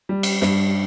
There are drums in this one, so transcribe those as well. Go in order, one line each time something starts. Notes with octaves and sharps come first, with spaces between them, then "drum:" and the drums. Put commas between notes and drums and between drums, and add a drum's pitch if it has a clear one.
G3
drum: cymbal
G2, drum: snare